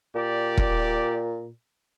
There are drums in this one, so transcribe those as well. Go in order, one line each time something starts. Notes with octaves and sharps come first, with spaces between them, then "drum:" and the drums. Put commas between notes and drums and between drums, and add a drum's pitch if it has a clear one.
A#2 G4 D5
drum: kick E1